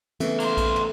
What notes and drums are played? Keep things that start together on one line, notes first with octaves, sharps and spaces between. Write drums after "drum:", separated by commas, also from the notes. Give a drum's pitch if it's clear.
C#3 E3 A3 B3, drum: cymbal
A#3 C5, drum: cymbal
drum: kick A#1, cymbal
drum: tom